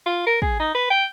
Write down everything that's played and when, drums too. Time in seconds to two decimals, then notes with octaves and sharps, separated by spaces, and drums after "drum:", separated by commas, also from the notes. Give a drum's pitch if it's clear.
0.06 F4
0.27 A#4
0.42 G#4, drum: kick
0.60 D#4
0.75 B4
0.90 G5